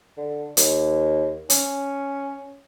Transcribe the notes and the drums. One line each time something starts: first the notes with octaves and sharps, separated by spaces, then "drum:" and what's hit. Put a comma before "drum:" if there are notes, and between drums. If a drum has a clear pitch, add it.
D3
D#2, drum: hi-hat
C#4, drum: hi-hat